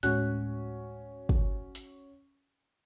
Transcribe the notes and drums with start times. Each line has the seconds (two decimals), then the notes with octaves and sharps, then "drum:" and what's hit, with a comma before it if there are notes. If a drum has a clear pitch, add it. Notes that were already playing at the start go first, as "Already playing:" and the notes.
0.03 D1 A2 G#3 C#4 F#4 C#5 F#6, drum: hi-hat
1.29 drum: kick
1.75 drum: hi-hat